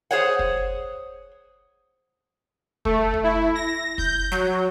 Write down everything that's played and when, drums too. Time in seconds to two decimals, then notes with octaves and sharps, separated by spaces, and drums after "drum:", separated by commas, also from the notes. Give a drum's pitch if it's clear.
0.11 G#4 C5 C#5 F#5
0.39 drum: kick
2.85 A3, drum: kick
3.14 drum: kick
3.24 E4
3.55 A#6
3.98 G6, drum: kick
4.32 F#3, drum: snare